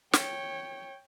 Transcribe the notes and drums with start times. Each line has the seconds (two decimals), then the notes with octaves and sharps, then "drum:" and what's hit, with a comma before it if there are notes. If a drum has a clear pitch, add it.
0.13 C#5 G5, drum: snare